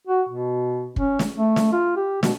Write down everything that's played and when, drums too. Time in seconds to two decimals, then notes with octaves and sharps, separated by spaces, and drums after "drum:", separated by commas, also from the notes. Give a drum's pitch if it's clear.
0.07 F#4
0.29 B2
0.96 C#4, drum: kick
1.19 drum: snare
1.37 A3
1.56 drum: snare
1.72 F4
1.96 G4
2.23 B2, drum: snare